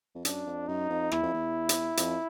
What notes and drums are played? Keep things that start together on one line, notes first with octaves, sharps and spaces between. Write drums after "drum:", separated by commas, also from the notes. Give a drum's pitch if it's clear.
F2
F#2 D4, drum: hi-hat
F2
F#2 D#4
F2
E2 E4, drum: rim click
F2
E2
drum: hi-hat
F2, drum: hi-hat